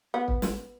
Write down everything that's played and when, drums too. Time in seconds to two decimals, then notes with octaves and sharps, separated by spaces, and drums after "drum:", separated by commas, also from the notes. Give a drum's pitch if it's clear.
0.14 B3
0.28 drum: kick
0.42 drum: snare